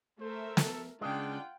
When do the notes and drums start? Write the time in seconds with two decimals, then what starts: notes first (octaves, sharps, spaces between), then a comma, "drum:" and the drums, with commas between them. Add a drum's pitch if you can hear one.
0.21 A3 A#4 C5 E5
0.57 A4, drum: snare
1.01 C#3 G#3 D4 F4 F#5 G5